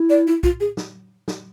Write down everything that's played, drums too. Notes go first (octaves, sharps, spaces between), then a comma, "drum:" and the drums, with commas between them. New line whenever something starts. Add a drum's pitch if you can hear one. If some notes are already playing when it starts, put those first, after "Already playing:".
Already playing: E4
D5
E4
F4, drum: kick B1
G#4
drum: snare
drum: snare